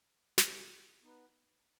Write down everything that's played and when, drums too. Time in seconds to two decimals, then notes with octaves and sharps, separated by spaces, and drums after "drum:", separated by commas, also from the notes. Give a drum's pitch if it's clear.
0.38 C3 F3 G#3, drum: snare
1.02 B3 D#4 B4